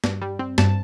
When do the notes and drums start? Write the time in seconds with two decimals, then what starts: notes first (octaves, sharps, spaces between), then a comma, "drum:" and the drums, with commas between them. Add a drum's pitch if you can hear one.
0.04 G2, drum: snare
0.21 G3
0.39 C4
0.58 G2 A5, drum: snare